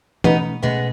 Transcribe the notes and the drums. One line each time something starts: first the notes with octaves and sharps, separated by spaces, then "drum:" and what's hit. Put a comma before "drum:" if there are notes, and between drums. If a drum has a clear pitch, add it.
B2 A3 B3 C#4 D#4, drum: tom E3
B2 G#3 A3 B3 C#4